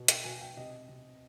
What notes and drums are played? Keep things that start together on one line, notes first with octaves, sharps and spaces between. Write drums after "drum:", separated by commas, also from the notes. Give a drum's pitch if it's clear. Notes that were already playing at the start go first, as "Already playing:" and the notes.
Already playing: B2
G5, drum: hi-hat
B2 G#5
G5
C3 D#5
C3